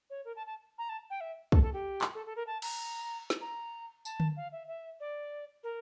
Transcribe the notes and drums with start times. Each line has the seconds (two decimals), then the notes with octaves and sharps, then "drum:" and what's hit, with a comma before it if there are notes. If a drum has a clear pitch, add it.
0.10 C#5
0.25 A#4
0.36 A5
0.47 A5
0.78 A#5
0.89 A5
1.10 G5
1.21 E5
1.52 A4, drum: kick
1.62 A4
1.73 G4
2.01 drum: clap
2.15 A4
2.26 A4
2.36 A#4
2.47 A5
2.62 A#5, drum: cymbal
3.30 drum: snare
3.41 A#5
4.05 A5, drum: tambourine
4.20 drum: tom D3
4.37 F5
4.52 E5
4.68 E5
5.00 D5
5.63 A#4